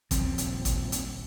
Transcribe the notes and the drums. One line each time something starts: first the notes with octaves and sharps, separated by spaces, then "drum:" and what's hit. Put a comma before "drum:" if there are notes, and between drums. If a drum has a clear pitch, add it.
D#1 F3 C4, drum: kick A1, hi-hat
drum: hi-hat
drum: kick A1, hi-hat
drum: hi-hat